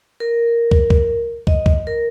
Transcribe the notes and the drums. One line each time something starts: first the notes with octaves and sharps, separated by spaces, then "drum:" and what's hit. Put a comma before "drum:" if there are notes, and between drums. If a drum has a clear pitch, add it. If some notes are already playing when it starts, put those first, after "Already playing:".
A#4
drum: kick
drum: kick
D#5, drum: kick
drum: kick
A#4